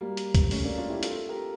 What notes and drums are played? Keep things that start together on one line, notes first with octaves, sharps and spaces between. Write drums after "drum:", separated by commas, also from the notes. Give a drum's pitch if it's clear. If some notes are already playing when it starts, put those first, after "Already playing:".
G3 A#3
drum: hi-hat
drum: kick, hi-hat
A3 C#4, drum: open hi-hat
A#3 D4
D4 F4
E4 G4
F4 A4, drum: hi-hat
G4 A#4